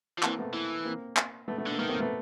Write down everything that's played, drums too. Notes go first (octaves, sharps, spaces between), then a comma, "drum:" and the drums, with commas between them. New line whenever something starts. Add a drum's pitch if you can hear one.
F3
E3 A#3 C4, drum: clap
A3 B3
E3
A#3 C4
drum: clap
A3 B3
A3 B3
D3
A#3
D#3 A3 B3
A#3 C4
A3 B3